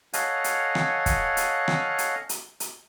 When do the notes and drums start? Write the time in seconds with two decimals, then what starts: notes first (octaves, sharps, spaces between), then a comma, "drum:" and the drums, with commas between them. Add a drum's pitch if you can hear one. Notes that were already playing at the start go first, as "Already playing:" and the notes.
0.13 A4 C#5 D#5 F5 F#5 G#5, drum: hi-hat
0.44 drum: hi-hat
0.75 drum: rim click
1.06 drum: kick, hi-hat
1.37 drum: hi-hat
1.68 drum: rim click
1.98 drum: hi-hat
2.29 drum: hi-hat
2.60 drum: hi-hat